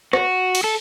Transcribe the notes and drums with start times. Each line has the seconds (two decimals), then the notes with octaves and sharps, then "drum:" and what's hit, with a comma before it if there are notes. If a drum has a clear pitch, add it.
0.13 F#4, drum: rim click
0.55 drum: cymbal
0.64 A4